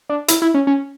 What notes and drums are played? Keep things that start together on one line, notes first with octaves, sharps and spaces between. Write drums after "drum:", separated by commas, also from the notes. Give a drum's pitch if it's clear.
D4
E4, drum: hi-hat
E4
C#4
C#4